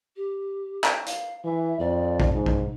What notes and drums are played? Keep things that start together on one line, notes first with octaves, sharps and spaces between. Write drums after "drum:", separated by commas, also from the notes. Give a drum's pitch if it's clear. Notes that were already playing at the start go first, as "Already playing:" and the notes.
G4
drum: clap
F5, drum: hi-hat
E3 E5
F2 D5
drum: kick A#1
G#2 D#4
drum: kick A#1